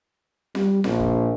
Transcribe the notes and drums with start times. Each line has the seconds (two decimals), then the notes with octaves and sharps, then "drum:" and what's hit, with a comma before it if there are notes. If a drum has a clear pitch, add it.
0.55 G3, drum: snare F4
0.84 A#1, drum: snare F4
1.00 drum: kick